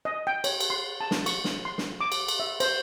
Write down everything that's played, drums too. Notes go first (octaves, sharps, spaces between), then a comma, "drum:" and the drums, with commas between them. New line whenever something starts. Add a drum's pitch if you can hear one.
D#5
G5
C#5, drum: cymbal
drum: cymbal
C6
A5
drum: snare
C#6, drum: cymbal
drum: snare
C6
drum: snare
D6
drum: cymbal
drum: cymbal
E5
C5, drum: cymbal